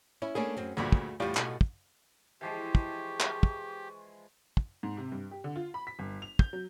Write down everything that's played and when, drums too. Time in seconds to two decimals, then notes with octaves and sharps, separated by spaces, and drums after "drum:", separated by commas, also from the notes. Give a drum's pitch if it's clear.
0.22 C#4 E4
0.35 A3 A#3 C#4 D4 G#4
0.57 F#2 C4
0.77 D2 G2 A#2 A3 F#4 G#4
0.92 drum: kick
1.20 E2 A2 G3 F4 G4
1.37 B2 A4 G#5, drum: clap
1.61 drum: kick
2.41 E3 F3 G#3 G4 C#6
2.75 drum: kick
3.20 drum: clap
3.43 drum: kick
4.57 drum: kick
4.83 G#2
4.97 C3
5.12 G2
5.31 G4
5.44 D3
5.56 F4
5.74 B5
5.87 B6
5.99 G1
6.22 F7
6.39 G6, drum: kick
6.53 F#3